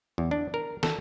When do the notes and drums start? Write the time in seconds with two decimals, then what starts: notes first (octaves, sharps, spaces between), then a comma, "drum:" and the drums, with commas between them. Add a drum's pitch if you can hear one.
0.18 E2
0.31 D4
0.54 A#4
0.83 A4, drum: snare